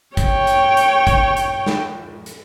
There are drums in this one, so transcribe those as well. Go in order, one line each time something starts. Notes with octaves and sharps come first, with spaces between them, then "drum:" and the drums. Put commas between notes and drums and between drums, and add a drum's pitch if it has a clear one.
C#5 G5, drum: kick G#1, hi-hat
drum: hi-hat
drum: hi-hat
drum: kick G#1, hi-hat
drum: hi-hat
drum: snare
drum: hi-hat